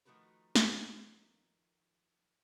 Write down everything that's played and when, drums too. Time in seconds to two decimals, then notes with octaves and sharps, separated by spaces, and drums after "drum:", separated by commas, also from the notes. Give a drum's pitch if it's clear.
0.05 D#3 F3 A3 F#4 A#4 B4
0.56 drum: snare